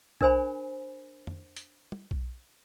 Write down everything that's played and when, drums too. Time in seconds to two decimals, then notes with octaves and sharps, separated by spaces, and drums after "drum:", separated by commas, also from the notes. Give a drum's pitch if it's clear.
0.21 D4 A#4 C5 G#5 B5, drum: kick B1
1.27 drum: tom F2
1.56 drum: hi-hat
1.92 drum: tom
2.11 drum: kick B1